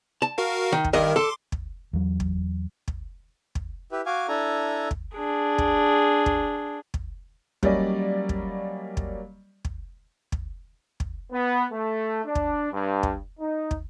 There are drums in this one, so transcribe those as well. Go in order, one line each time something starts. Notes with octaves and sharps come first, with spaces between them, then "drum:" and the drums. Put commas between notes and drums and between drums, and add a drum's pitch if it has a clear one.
A5
F#4 A#4 F5
D#3
drum: kick
G2 D#3 A#4 D#5
A4 C6 D6
drum: kick
E2 F#3
drum: kick
drum: kick
drum: kick
E4 G4 B4
F#4 F5 G#5 D6
D4 E4 A4 G#5 A#5
drum: kick
D4 G#4
drum: kick
drum: kick
drum: kick
F#3 G3 A#3 C#4 D5 D#5, drum: kick
drum: kick
drum: kick
drum: kick
drum: kick
drum: kick
B3
A3
D4
drum: kick
G2
drum: kick
D#4
drum: kick